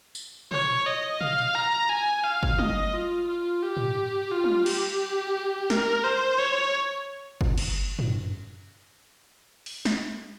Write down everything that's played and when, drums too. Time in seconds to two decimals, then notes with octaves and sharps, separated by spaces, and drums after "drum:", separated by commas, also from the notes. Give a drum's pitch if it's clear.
0.15 drum: tambourine
0.51 C#5, drum: tom
0.86 D#5
1.21 F5, drum: tom
1.55 A#5
1.89 G#5
2.24 F5
2.43 drum: kick
2.59 D#5, drum: tom
2.93 F4
3.28 F4
3.62 G4
3.77 drum: tom
4.31 F4
4.44 drum: tom
4.66 G4, drum: cymbal
5.70 A#4, drum: snare
6.04 C5
6.39 C#5
7.41 drum: kick
7.58 drum: cymbal
7.99 drum: tom
9.66 drum: open hi-hat
9.85 drum: snare